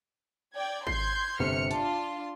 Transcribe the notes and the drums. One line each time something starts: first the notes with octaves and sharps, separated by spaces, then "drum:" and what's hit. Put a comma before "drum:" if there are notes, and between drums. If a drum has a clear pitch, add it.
D5 G5 G#6
C6 G6 G#6 C7, drum: kick G#1
G1 C3 F6 C#7
D4 F4 A5 C6, drum: hi-hat